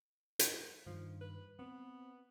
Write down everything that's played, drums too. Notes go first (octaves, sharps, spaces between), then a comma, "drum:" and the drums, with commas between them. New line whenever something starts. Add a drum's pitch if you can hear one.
drum: hi-hat
G2 D#3 F3
B4
B3 C4